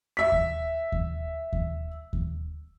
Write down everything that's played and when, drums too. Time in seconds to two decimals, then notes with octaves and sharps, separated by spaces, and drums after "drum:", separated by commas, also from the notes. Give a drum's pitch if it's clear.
0.17 E5 B6
0.32 drum: kick D#2
0.92 drum: kick D#2
1.53 drum: kick D#2
2.13 drum: kick D#2